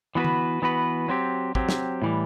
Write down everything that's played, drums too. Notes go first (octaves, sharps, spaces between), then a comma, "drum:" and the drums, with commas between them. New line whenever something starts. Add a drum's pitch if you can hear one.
E3 B3 F#4 B4
drum: tom D3
E3 B3 F#4 B4
F#3 C4 G4
F#3 C4 G4, drum: kick
drum: snare
A2 E3 G3